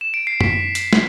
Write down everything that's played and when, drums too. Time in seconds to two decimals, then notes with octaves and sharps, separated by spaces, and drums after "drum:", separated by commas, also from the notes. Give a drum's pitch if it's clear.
0.01 E7
0.14 D7
0.27 C7
0.41 B6, drum: tom F#2
0.75 drum: hi-hat
0.93 drum: snare